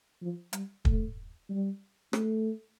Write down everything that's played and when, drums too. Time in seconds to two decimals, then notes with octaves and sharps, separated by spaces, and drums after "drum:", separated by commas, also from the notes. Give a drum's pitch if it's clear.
0.22 F3
0.53 G3, drum: hi-hat
0.85 A3, drum: kick
1.49 G3
2.13 A3, drum: rim click